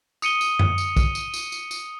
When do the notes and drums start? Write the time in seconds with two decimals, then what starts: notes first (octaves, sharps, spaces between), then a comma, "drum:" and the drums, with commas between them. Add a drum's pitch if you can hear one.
0.22 D#6 C#7 D#7 G7, drum: tambourine
0.41 drum: tambourine
0.59 drum: tom F#2
0.78 drum: tambourine
0.97 drum: kick, tambourine
1.15 drum: tambourine
1.34 drum: tambourine
1.52 drum: tambourine
1.71 drum: tambourine